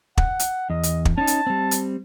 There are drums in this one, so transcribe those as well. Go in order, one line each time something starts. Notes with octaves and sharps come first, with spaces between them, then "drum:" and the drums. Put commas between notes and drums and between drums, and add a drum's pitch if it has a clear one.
F#5, drum: kick
drum: hi-hat
E2 D#5
drum: hi-hat
drum: kick
C#4 D#4 A5
drum: hi-hat
G3 C4
drum: hi-hat